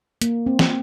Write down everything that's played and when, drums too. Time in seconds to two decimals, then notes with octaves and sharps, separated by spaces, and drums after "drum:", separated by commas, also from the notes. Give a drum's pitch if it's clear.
0.22 A#3, drum: hi-hat
0.46 C4
0.59 drum: snare